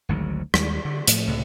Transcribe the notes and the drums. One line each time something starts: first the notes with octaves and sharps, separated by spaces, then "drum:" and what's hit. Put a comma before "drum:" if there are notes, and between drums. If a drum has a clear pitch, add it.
G#1 D2 G#2 F#3
D#2 G3 G#3, drum: rim click
D3
A2 F3, drum: hi-hat
C#2 A2 C3